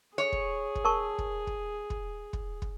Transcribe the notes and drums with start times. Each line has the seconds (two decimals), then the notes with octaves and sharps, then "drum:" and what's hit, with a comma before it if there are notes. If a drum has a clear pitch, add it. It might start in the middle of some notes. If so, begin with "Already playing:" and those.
0.18 G#4 C#5
0.32 drum: kick
0.75 drum: kick
0.85 A#4 A5 C#6
1.18 drum: kick
1.47 drum: kick
1.90 drum: kick
2.33 drum: kick
2.62 drum: kick